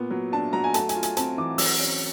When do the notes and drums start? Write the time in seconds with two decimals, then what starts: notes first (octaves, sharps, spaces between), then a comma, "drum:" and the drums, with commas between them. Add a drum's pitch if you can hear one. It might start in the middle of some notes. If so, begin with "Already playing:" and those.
Already playing: A#2 B3
0.11 F#3
0.32 D4 A5
0.53 F#3 A#5
0.64 G#5
0.74 A3 A5, drum: hi-hat
0.89 G#5, drum: hi-hat
0.95 F4
1.03 G#5, drum: hi-hat
1.17 C4 A5, drum: hi-hat
1.38 E3 D6
1.58 F#3 E6, drum: open hi-hat
1.79 C#4